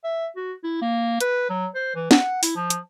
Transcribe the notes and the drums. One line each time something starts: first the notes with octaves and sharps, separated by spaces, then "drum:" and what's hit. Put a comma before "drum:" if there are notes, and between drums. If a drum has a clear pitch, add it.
E5
F#4
E4
A#3
B4, drum: hi-hat
F#3
C5
E3
F#5, drum: snare
E4, drum: open hi-hat
F3
drum: hi-hat